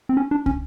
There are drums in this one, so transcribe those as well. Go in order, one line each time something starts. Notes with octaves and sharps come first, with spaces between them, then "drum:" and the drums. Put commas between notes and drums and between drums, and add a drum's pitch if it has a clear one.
C4
C#4
D4
C#4, drum: kick